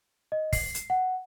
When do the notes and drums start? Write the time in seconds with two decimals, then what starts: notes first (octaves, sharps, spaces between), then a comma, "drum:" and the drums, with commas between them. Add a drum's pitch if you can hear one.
0.32 D#5
0.53 C7, drum: kick, open hi-hat
0.75 drum: hi-hat
0.90 F#5